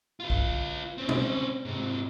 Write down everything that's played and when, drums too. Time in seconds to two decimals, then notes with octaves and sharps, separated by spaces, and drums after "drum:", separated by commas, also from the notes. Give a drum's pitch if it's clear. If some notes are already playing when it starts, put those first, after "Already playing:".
0.20 F4 B4
0.30 drum: kick B1
0.98 C4 C#4
1.09 drum: tom B2
1.65 G#2 C3